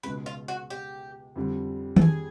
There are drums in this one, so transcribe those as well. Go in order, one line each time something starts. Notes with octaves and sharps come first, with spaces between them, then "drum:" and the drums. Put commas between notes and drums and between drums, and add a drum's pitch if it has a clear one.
C#2 B2 G#3 B4
F4
F#4
G4
F2 D3 G3
A4, drum: tom D#3
G#4